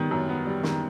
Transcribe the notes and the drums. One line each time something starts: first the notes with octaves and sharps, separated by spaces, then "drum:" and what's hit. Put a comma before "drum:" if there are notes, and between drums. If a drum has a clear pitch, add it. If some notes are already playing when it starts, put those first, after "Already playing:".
Already playing: D#3 G3 B3
F#2
B3
G3
D#3, drum: snare